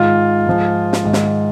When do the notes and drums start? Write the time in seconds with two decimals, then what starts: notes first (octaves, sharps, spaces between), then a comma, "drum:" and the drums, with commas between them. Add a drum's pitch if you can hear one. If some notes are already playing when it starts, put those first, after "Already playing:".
Already playing: G#2 D#3 F4
0.47 G#2 F3
0.93 drum: snare
1.04 G#2 D#3
1.13 drum: snare